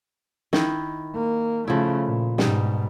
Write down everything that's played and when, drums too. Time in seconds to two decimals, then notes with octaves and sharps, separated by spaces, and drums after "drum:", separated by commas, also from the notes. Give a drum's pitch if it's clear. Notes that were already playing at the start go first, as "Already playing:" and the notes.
0.53 D#3 E4 D#5, drum: snare
1.15 A#3
1.68 C#3 F3 A3 E4
2.05 A#2
2.38 G#2 B2 G3 D#4, drum: snare